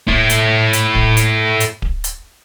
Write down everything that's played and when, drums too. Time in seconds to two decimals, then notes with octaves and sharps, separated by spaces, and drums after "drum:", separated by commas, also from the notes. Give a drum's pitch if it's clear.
0.08 A3 E4, drum: kick D1
0.30 drum: hi-hat
0.73 drum: hi-hat
0.95 drum: kick D1
1.17 drum: hi-hat
1.60 drum: hi-hat
1.82 drum: kick D1
2.04 drum: hi-hat